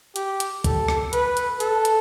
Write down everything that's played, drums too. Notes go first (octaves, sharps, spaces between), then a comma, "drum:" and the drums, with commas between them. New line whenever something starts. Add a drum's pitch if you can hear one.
G4, drum: hi-hat
drum: hi-hat
A4, drum: kick, hi-hat
drum: rim click
B4, drum: hi-hat
drum: hi-hat
A4, drum: hi-hat
drum: hi-hat